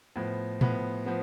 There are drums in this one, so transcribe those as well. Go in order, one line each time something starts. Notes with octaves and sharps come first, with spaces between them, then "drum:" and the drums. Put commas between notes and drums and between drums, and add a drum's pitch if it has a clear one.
A2 F3 B3
A2 F3 B3, drum: tom A#2
F3 B3